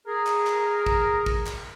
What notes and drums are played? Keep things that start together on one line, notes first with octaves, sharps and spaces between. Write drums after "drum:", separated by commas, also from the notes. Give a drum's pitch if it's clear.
G#4 A#4
drum: clap
drum: clap
drum: kick
drum: kick
drum: clap